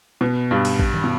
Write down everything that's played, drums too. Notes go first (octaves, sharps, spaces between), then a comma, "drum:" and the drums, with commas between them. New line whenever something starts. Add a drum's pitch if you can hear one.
B2 B3
G2 G3
drum: cymbal
drum: kick
drum: tom D#3
B2